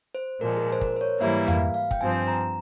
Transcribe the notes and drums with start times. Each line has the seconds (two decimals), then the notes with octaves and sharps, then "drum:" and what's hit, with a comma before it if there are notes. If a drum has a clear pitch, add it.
0.15 C5
0.41 A#2 F3 G#3 A#4
0.57 G#4
0.61 A#4
0.72 C5
0.81 A#4, drum: kick
0.96 C5
1.01 C#5
1.21 G#2 E3 G3 A#3 E4 E5
1.48 F5, drum: tom F2
1.74 F5
1.91 G5, drum: kick
2.01 G2 F3 C4 G#5
2.28 A#5